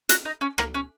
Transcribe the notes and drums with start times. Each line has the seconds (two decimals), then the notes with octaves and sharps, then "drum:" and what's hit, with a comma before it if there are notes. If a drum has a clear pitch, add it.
0.09 F#4, drum: hi-hat
0.25 D#4
0.41 C#4
0.58 A#3, drum: rim click
0.74 C#4